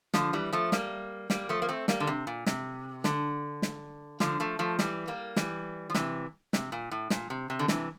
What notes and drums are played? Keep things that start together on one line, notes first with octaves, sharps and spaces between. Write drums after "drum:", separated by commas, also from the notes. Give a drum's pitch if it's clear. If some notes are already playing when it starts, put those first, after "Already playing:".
D3 F3, drum: snare
E3 G3
F3 A3
G3 A#3, drum: snare
G3 A#3, drum: snare
F3 A3
A#3
A3 C4
G3 A#3, drum: snare
D3
C3
A#2
C3, drum: snare
D3, drum: snare
drum: snare
D3 F3, drum: snare
F3 A3
F3 A3
E3 G3, drum: snare
G3 A#3
E3 G3, drum: snare
F3
C3 E3, drum: snare
C3, drum: snare
A#2
A2
A#2, drum: snare
C3
C3
D3
C3 E3, drum: snare